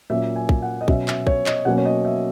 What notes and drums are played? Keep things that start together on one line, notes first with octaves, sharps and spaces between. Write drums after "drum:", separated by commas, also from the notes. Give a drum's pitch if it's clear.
A#2 F#3 A#3 C#4 E5
G#5
drum: kick
F#5
D#5
B2 F#3 C#4 E5, drum: kick
E5, drum: clap
C#5, drum: kick
D#5, drum: clap
B2 F#3 A#3 C#4 F#5
C#5
D#5
E5